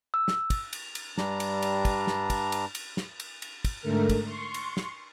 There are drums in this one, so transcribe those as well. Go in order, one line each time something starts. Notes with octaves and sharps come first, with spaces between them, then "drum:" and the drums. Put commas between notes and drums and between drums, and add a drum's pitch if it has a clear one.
E6
drum: snare
drum: kick, cymbal
drum: cymbal
drum: cymbal
G2 G3 D4 A#5, drum: snare
drum: cymbal
drum: cymbal
drum: kick, cymbal
drum: snare
drum: kick, cymbal
drum: cymbal
drum: cymbal
drum: snare
drum: cymbal
drum: cymbal
drum: kick, cymbal
G#2 D3 A3 A#4
drum: kick, cymbal
C6 C#6
drum: cymbal
drum: snare